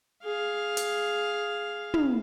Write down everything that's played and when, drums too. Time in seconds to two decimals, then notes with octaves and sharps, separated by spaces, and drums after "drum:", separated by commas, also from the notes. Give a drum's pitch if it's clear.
0.24 G#4 F5
0.77 drum: hi-hat
1.94 drum: tom